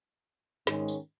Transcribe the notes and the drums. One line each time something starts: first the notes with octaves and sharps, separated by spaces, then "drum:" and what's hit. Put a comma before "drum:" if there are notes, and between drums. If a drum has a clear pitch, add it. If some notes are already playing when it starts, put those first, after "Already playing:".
G#2 D#3 G#3 C#4, drum: snare
drum: tambourine